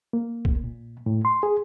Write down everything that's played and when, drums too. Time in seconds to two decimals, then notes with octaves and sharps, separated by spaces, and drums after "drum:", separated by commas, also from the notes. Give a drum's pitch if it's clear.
0.13 A#3
0.45 drum: kick B1
0.64 A#2
1.06 A2
1.25 C6
1.43 G#4